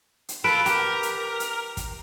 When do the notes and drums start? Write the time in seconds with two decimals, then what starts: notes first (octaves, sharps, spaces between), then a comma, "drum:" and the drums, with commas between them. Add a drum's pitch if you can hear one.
0.29 drum: hi-hat
0.44 F4 A4 B4 D7
0.66 G4 A#4, drum: hi-hat
1.03 drum: hi-hat
1.40 drum: hi-hat
1.77 drum: kick, hi-hat